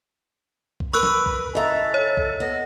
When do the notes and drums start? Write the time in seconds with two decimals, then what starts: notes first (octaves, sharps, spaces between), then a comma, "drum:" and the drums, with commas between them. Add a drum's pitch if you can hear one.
0.80 drum: kick B1
0.93 A#4 B4 B5 C#6 E6 F#6
1.03 drum: snare
1.26 drum: kick B1
1.55 C#3 A4 D#5 E5 A#5
1.94 C#5
2.17 drum: kick B1
2.40 B3 D#5